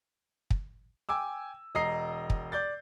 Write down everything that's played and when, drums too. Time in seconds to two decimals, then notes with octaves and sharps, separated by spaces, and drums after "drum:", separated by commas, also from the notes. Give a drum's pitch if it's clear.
0.50 drum: kick
1.09 G5 G#5 D6 E6
1.75 E1 D#5 A#5 D#6 C7
2.30 drum: kick
2.52 D5 G6 A6